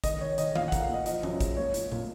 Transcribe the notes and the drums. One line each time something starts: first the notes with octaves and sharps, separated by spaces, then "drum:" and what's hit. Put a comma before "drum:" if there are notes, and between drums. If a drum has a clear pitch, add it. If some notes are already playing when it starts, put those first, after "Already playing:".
D#3 D#5, drum: kick G#1, hi-hat
D#3 C#5
D#3 D#5, drum: hi-hat
A#2 F5, drum: tom D#3
F#5
A#3, drum: kick G#1, hi-hat
F5
A#2 D#5
F3 D#5, drum: hi-hat
F#2, drum: tom E3
G#3, drum: kick G#1, hi-hat
A#2 C#5
A#2, drum: hi-hat
A#2, drum: tom